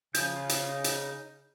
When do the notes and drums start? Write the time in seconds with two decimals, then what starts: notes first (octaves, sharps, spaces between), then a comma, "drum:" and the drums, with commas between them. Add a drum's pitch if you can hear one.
0.14 C#3 F3 G#4 G6, drum: hi-hat
0.36 C#4 F4
0.49 drum: hi-hat
0.69 D#4
0.84 drum: hi-hat